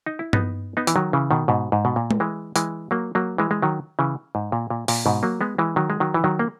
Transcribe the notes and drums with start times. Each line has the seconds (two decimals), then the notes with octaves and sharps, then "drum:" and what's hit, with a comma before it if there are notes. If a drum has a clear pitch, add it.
0.06 D#4
0.19 E4
0.33 B3 D#4, drum: tom G2
0.77 B3 D#4
0.87 E3, drum: hi-hat
0.96 D#3 F#3
1.13 C#3 E3
1.31 B2 D#3
1.48 G#2 B2
1.72 G#2
1.85 B2
1.96 A#2
2.11 drum: tom G#3
2.20 E3 G#3
2.56 E3 G#3, drum: hi-hat
2.91 F#3 A#3
3.15 F#3 A#3
3.38 E3 G#3
3.51 G#3
3.62 D#3 F#3
3.99 C#3 E3
4.35 G#2
4.52 A#2
4.70 A#2
4.88 A#2, drum: open hi-hat
5.06 G#2 B2
5.23 F#3 A#3
5.41 G#3 B3
5.58 E3 G#3
5.76 D#3 F#3
5.90 G#3
6.00 D#3 F#3
6.14 E3
6.24 D#3 F#3
6.39 A#3